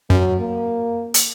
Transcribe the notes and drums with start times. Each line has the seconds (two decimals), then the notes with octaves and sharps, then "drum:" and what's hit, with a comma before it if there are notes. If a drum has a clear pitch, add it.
0.10 F#2 F#3
0.41 A#3
1.14 drum: hi-hat